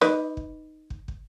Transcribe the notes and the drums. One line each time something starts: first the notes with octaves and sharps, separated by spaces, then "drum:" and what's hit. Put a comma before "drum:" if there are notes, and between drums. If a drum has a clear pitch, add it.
D#4 B4 D5, drum: snare
drum: kick
drum: kick
drum: kick